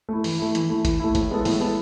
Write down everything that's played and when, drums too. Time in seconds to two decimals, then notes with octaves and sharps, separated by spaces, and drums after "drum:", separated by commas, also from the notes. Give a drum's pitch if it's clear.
0.09 A3 E4
0.24 E3, drum: open hi-hat
0.39 A3 E4
0.55 E3, drum: hi-hat
0.69 A3 E4
0.85 E3, drum: kick G#1, hi-hat
1.00 A3 E4
1.15 A2, drum: kick G#1, hi-hat
1.30 G#3 B3 E4 A4
1.45 A2, drum: open hi-hat
1.60 G#3 B3 E4 A4